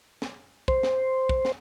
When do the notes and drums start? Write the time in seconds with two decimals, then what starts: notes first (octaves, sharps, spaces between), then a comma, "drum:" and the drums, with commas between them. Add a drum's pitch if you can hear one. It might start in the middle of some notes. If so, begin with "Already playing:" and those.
0.22 drum: snare
0.68 C5, drum: kick
0.83 drum: snare
1.29 drum: kick
1.45 drum: snare